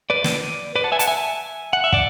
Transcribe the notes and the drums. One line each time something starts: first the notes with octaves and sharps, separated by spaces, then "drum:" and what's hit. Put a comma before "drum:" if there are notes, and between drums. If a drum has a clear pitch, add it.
B4 D5
drum: snare
B4 D5
F#5 A5
E5 G#5
F#5 A5, drum: hi-hat
E5 G#5
F#5
E5
D5 F#5, drum: kick